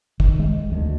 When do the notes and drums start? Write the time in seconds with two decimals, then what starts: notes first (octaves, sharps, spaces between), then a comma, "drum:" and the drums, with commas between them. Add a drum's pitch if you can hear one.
0.20 D#3, drum: kick
0.39 G#3
0.72 D2